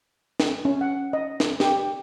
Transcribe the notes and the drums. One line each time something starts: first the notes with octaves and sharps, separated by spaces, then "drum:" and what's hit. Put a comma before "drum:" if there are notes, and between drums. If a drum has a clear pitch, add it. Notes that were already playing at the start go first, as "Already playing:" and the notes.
drum: snare
C#4
F#5
D#5
drum: snare
G4, drum: snare